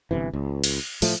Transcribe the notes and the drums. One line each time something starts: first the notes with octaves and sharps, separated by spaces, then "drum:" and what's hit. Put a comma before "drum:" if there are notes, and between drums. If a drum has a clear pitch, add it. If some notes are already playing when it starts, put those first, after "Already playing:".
G1 C2 C3 E3
C#2
drum: cymbal
A2 F3 A3, drum: open hi-hat